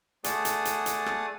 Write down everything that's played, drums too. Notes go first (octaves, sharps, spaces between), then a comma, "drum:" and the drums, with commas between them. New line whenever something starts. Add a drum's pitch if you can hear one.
A3 G#4 D5 F#5 A5 D#6, drum: hi-hat
drum: hi-hat
drum: hi-hat
drum: hi-hat
drum: rim click